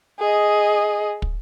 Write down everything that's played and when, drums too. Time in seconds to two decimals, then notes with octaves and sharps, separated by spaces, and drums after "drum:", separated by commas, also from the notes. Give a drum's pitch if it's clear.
0.20 G#4 D#5
1.22 drum: kick